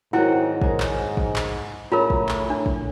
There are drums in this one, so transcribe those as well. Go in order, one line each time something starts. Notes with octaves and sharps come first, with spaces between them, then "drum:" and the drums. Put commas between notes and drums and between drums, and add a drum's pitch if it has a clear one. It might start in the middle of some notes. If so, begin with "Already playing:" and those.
G#2 D#3 F#3 C4 E4 F#4 A#4 F#5
G#4 A#4, drum: kick A1
drum: clap
drum: kick A1
drum: clap
A2 C#4 F4 G#4 A#4 A5 A#5
drum: kick A1
drum: clap
D4
drum: kick A1